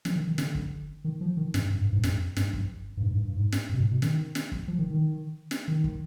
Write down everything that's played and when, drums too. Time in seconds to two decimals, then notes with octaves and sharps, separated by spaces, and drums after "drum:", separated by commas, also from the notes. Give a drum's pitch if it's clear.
0.05 F3, drum: snare
0.16 D#3
0.27 D#3
0.38 D3, drum: snare
0.55 drum: kick
1.04 D#3
1.21 F3
1.37 D#3
1.54 G2, drum: snare
1.70 G2
1.82 G2
1.93 G#2
1.99 G2
2.03 F2, drum: snare
2.36 G2, drum: snare
2.53 drum: kick
2.97 G2
3.03 G#2
3.13 G2
3.25 G2
3.36 G#2
3.52 drum: snare
3.69 G2
3.74 B2
3.80 G#2
3.91 B2
4.02 D#3, drum: snare
4.35 drum: snare
4.52 drum: kick
4.68 F3
4.79 D#3
4.90 D#3
5.51 drum: snare
5.68 D#3
5.84 drum: kick